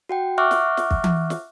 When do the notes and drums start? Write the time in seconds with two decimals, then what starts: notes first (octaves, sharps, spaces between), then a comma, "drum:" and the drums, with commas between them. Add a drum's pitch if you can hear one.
0.09 F#4 F#5 G5
0.38 E5 F#5 C#6 D6 F6 F#6
0.51 drum: snare
0.77 drum: snare
0.91 drum: kick
1.04 drum: tom E3
1.30 drum: snare